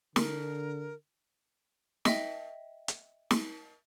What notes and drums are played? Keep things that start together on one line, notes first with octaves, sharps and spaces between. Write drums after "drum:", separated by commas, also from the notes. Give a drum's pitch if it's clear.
D3 A#4, drum: snare
D#5 E5 G5, drum: snare
drum: hi-hat
drum: snare